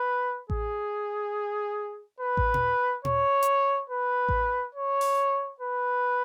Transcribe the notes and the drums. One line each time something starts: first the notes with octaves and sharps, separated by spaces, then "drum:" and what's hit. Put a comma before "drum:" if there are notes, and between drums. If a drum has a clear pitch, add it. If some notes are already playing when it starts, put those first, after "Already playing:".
Already playing: B4
G#4, drum: kick A1
B4
drum: kick A1
drum: tom A#2
C#5, drum: tom A#2
drum: hi-hat
B4
drum: kick A1
C#5
drum: open hi-hat
B4